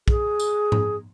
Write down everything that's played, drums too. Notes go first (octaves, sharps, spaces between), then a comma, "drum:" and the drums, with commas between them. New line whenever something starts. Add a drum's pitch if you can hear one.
G#4, drum: kick
drum: tambourine
drum: tom G#2